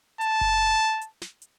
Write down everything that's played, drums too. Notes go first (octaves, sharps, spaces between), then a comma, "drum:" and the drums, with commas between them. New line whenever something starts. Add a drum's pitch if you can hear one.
A5, drum: hi-hat
drum: kick F#1
drum: hi-hat
drum: snare
drum: hi-hat